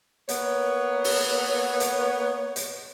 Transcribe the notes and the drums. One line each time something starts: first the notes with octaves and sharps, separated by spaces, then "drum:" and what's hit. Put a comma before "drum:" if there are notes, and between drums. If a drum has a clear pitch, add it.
A#3 B3 C#5, drum: hi-hat
drum: open hi-hat
drum: hi-hat
drum: hi-hat